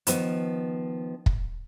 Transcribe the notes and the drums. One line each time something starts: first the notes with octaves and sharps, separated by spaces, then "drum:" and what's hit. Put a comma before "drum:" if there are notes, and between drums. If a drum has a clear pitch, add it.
D#3 F3 B3, drum: hi-hat
drum: kick